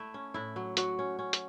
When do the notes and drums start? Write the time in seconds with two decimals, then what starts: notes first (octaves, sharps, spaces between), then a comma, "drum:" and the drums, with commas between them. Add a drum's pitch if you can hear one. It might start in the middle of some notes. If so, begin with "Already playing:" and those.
Already playing: A3 E4
0.14 C#4
0.34 A2 E4
0.56 F#3
0.77 F#3 F#4, drum: hi-hat
0.99 C#4
1.19 C#4
1.33 drum: hi-hat